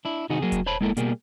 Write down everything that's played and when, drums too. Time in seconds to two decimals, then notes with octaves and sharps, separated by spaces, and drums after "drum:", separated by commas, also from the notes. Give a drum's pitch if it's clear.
0.05 D4 E4
0.30 C3 D#3 D#4 F#4 G#4
0.42 F#3 A#3 F#4 G#4
0.52 drum: kick E1, hi-hat
0.66 C5 C#5 A5 B5
0.81 G#3 A#3 E4 A4 A#4
0.97 B2 G3 A#3 G#4, drum: hi-hat